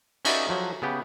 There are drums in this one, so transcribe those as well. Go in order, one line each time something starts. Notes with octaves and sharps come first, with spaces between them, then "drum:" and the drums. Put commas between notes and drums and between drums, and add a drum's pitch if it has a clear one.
C#4 D#4 F#4 B4 D5 E5, drum: cymbal
F3 F#3
C#3 B3 G4